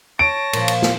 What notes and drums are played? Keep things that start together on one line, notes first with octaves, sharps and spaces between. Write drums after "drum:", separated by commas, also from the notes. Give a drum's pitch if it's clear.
C#5 A5 A#6 D7
A#2 F3, drum: cymbal
drum: cymbal
drum: snare